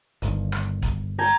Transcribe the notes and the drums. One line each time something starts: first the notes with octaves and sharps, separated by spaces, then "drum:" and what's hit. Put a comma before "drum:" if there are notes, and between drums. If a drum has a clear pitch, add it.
G1 D#3, drum: hi-hat
drum: rim click
drum: kick, hi-hat
G5 G#5 A#5